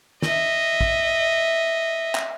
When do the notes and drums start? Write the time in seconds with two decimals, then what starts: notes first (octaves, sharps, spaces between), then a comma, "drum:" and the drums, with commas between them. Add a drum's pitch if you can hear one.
0.22 D#5 E5, drum: snare
0.81 drum: kick
2.15 drum: clap